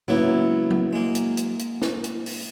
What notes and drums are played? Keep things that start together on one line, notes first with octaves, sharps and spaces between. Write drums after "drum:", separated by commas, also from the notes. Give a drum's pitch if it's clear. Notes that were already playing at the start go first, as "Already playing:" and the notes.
C#2 F#3 A#3 B3 E4
drum: tom F#3
G#3 A#3
drum: hi-hat
drum: hi-hat
drum: hi-hat
drum: snare
drum: hi-hat
drum: open hi-hat